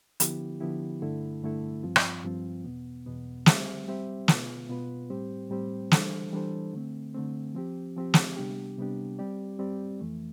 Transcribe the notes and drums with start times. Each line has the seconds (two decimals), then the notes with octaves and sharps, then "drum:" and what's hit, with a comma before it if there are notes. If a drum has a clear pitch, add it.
0.20 D3 F3 B3 E4 G4, drum: hi-hat
0.60 D3 F3 B3 E4 G4
1.02 G2 D3 A3 E4 A4
1.42 G2 D3 A3 E4 A4
1.83 G2 F3 C4 F4
1.96 drum: rim click
2.24 G2 F3 C4 F4
2.65 E2 B2 B3
3.06 E2 B2 B3
3.46 G3 C4 G4 C5 E5, drum: snare
3.87 G3 C4 G4 C5 E5
4.28 B2 B3 F4 B4, drum: snare
4.69 B2 B3 F4 B4
5.10 A2 G3 C4 G4 C5
5.50 A2 G3 C4 G4 C5
5.91 E3 G3 D4 A4 C5, drum: snare
6.32 E3 G3 D4 A4 C5
6.73 D3 A3 C4
7.14 D3 A3 C4
7.55 F3 C4 G4
7.96 F3 C4 G4
8.14 drum: snare
8.37 C3 G3 B3 D4 G4
8.78 C3 G3 B3 D4 G4
9.19 G3 C4 G4 D5
9.59 G3 C4 G4 D5
10.00 F2 E3 A3